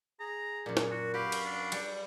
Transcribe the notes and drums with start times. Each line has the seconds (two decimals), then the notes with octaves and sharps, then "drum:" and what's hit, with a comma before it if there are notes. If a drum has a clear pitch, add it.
0.20 G#4 A#5
0.66 F#2 A#2
0.77 drum: snare
0.91 F#4
1.14 F#4 G4 B4 F5 B5
1.32 drum: cymbal
1.45 D4
1.72 G3, drum: cymbal